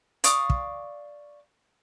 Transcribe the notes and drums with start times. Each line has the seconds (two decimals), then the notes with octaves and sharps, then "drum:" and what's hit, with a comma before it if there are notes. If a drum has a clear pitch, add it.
0.24 D5 F5 C#6 D#6, drum: hi-hat
0.50 drum: kick